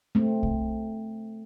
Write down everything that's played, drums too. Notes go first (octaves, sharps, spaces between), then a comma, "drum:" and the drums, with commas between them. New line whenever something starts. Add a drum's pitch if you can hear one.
A3 C4
drum: kick B1